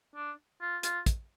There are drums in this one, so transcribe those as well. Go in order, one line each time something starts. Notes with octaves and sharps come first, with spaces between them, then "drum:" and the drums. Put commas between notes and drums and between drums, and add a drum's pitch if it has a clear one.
D4
F4
F4, drum: hi-hat
drum: kick, hi-hat